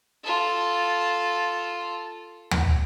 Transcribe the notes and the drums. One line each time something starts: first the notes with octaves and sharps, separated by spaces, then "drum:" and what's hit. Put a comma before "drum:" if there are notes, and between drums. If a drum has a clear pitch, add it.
F4 A4
drum: tom D2